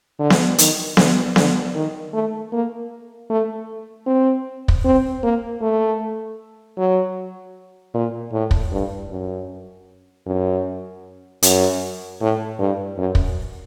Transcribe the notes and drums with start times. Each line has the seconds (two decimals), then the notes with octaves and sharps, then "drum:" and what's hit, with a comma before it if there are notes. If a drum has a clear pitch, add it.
0.20 D3
0.30 drum: snare B3
0.58 D#3, drum: hi-hat
0.97 D3, drum: snare B3
1.36 D3, drum: snare B3
1.75 D#3
2.14 A3
2.53 A#3
3.30 A3
4.07 C4
4.68 drum: kick
4.85 C4
5.23 A#3
5.62 A3
6.78 F#3
7.94 A#2
8.33 A2
8.51 drum: kick
8.72 G2
9.10 F#2
10.27 F#2
11.43 F#2, drum: hi-hat
12.21 A2
12.59 G2
12.98 F#2
13.15 drum: kick